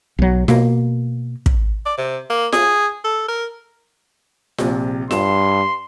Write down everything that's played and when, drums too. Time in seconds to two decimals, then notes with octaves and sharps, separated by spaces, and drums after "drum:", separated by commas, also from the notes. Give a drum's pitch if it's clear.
0.19 B1 F#3
0.48 B2 A#3, drum: snare F4
1.46 drum: kick
1.86 D5
1.98 C3
2.30 A#3
2.52 G#4, drum: snare F4
3.04 A4
3.28 A#4
4.58 A#1 C3, drum: snare F4
5.11 G2 C6 E7, drum: snare F4